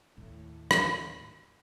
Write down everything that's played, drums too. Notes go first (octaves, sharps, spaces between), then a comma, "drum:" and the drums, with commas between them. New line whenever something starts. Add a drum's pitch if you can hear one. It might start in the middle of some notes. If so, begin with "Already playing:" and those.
D#2 A2
drum: rim click